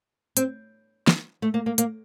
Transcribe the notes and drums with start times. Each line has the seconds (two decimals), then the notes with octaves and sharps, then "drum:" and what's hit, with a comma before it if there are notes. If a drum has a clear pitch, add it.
0.37 C4, drum: hi-hat
1.07 drum: snare
1.42 A3
1.54 A#3
1.66 A#3
1.78 A#3, drum: hi-hat